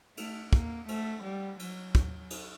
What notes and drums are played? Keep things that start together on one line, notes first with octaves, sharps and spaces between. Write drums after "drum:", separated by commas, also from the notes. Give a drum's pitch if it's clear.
A3, drum: cymbal
A#3, drum: kick
A3, drum: cymbal
G3
F#3, drum: cymbal
drum: kick
drum: cymbal